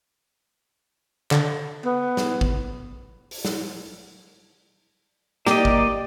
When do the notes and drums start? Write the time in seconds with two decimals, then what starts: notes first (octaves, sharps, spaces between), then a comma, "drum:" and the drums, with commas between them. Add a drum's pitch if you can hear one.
1.31 D3, drum: clap
1.85 B3
2.17 drum: snare
2.41 drum: kick G#1
3.31 drum: open hi-hat
3.45 drum: snare
5.46 A#3 G4 D5 D#5, drum: snare
5.65 drum: kick G#1